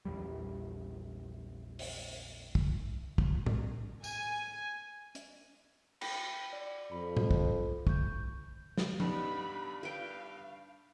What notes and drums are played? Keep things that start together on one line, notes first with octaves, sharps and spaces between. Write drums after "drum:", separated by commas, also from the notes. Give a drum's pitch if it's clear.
A#1 E2 G3
drum: open hi-hat
drum: kick
drum: kick
drum: tom A2
G#5, drum: tambourine
drum: hi-hat
G5 B5, drum: cymbal
D5
F2 B5
drum: tom A2
drum: kick
C#6 G6, drum: kick
drum: snare
G2 B3 D4 D#4 G4 B5, drum: tom
B4 F5 G5